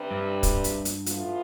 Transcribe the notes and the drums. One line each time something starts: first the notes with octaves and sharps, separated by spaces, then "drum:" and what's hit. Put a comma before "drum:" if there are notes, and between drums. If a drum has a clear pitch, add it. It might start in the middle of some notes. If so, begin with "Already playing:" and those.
Already playing: C3 G3 D4 G4 B4
G2
drum: kick, hi-hat
drum: hi-hat
drum: hi-hat
A2 E3 B3 F4, drum: hi-hat